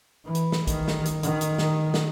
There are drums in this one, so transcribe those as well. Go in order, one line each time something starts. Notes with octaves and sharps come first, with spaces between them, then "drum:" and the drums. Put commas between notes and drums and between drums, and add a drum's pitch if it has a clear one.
E3
drum: hi-hat
drum: snare
D#3, drum: kick, hi-hat
drum: snare
drum: hi-hat
D#3, drum: hi-hat
drum: hi-hat
drum: snare
drum: snare